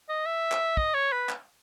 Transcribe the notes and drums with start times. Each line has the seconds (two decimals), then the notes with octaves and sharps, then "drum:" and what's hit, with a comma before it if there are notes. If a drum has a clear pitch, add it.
0.09 D#5
0.26 E5
0.52 drum: clap
0.77 D#5, drum: kick
0.94 C#5
1.12 B4
1.29 drum: clap